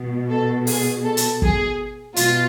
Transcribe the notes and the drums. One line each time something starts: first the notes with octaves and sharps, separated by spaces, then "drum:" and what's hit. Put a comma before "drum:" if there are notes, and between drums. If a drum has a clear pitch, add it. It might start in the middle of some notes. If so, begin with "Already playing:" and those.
Already playing: B2
A4
G#4, drum: open hi-hat
A4
drum: hi-hat
G#4, drum: kick
B2 F4, drum: hi-hat